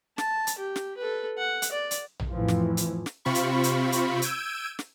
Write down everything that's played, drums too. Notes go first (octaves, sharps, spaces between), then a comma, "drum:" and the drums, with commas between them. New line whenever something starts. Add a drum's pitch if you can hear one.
A5, drum: snare
drum: hi-hat
G4
drum: snare
A4 B4
F#5
drum: hi-hat
D5
drum: hi-hat
drum: tom A#1
F2 A2 E3 F3
drum: snare
drum: hi-hat
drum: snare
C3 C4 F4 B5 C#6
drum: hi-hat
drum: hi-hat
drum: hi-hat
E6 G6 G#6 D7 D#7, drum: hi-hat
drum: snare